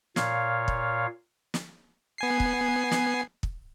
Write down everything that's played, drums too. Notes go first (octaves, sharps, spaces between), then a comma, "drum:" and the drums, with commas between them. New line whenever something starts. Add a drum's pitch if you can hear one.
A#2 C#5 F5, drum: snare
drum: kick
drum: snare
B3 G#5 C7
drum: kick
drum: snare
drum: kick